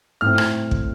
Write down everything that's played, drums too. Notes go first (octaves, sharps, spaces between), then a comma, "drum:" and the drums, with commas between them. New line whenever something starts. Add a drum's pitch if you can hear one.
A2 A3 C4 F6
drum: rim click
drum: kick